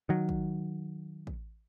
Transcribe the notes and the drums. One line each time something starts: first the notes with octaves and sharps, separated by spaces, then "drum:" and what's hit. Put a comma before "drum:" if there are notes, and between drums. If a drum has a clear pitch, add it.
D#3 F#3
drum: kick A1
drum: kick A1